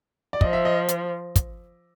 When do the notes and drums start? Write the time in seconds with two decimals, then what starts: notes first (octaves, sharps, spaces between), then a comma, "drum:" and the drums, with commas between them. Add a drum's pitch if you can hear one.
0.33 D5
0.41 F3 D#5, drum: kick
0.53 E5
0.65 D#5
0.88 drum: hi-hat
1.36 drum: kick, hi-hat